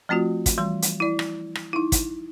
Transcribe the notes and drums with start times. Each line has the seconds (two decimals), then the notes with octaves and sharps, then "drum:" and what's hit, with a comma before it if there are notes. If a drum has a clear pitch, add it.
0.09 F3 A3 C4 F4 F#4
0.46 drum: kick, hi-hat
0.58 E3 G3 C6
0.82 drum: hi-hat
1.00 E4 D5
1.19 drum: rim click
1.55 drum: rim click
1.73 D#4 E4
1.92 drum: kick, hi-hat